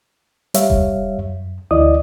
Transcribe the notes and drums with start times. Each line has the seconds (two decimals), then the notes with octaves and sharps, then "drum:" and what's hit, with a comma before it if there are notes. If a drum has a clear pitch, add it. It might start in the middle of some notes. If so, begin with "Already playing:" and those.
0.54 G3 C#5 E5 F5, drum: hi-hat
0.70 drum: kick F1
1.18 F#2
1.71 D2 E3 E4 D5 D#5 D#6